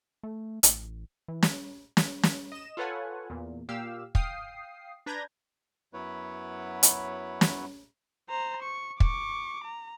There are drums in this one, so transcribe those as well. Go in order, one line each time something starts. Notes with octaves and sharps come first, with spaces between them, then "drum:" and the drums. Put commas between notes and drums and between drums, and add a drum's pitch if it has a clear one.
A3
A1, drum: hi-hat
E3
drum: snare
drum: snare
drum: snare
D#5 E7
F4 A4 B4 C#5 F#5 G#5
E2 A#2
A#2 G4 F5 E6
F5 G5 D#6 C7, drum: kick
D4 B4 A#5 G6 G#6 A#6
F#2 F#3 B3 E4 B4 C#5
drum: hi-hat
drum: snare
C5 A#5
C#6
C#6 D6, drum: kick
A#5